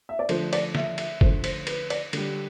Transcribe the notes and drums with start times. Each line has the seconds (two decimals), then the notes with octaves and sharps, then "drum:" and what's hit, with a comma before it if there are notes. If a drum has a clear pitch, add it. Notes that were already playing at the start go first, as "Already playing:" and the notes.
0.09 E5
0.19 D5
0.29 D3 F3 A3 C5, drum: cymbal
0.53 D5, drum: cymbal
0.75 E5, drum: snare
0.98 E5, drum: cymbal
1.21 D3 F3 A3 C5, drum: kick
1.44 C5, drum: cymbal
1.67 B4, drum: cymbal
1.90 D5, drum: cymbal
2.13 D3 G3, drum: cymbal